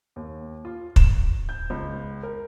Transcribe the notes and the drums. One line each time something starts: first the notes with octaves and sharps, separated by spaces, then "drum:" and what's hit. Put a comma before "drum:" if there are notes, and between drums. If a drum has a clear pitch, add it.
D#2
F4
E7, drum: kick
G6
C#2
A#4